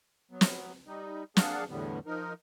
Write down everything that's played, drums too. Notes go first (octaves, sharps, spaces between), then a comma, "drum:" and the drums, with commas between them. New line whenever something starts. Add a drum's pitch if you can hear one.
F#3 B3
drum: snare
G3 D#4
A#3 D4 G#4 F5 F#5 A5, drum: snare
E2 A2 D3 G3 B3
F3 D#4 A#4